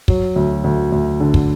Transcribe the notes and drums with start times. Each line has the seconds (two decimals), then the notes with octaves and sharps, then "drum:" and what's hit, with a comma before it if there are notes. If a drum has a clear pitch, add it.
0.08 F#3, drum: kick
0.36 D2
0.64 D2
0.92 D2
1.20 D3
1.34 drum: kick